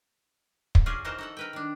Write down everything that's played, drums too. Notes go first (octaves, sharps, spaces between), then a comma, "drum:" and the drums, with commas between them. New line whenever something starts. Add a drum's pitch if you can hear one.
drum: kick
C#4 F4 F#4 G#4 D5
E3 D#4 F#4 A#4 C5 A5
D#4 A4 F#5
A#4 B4 G5
D#3 D4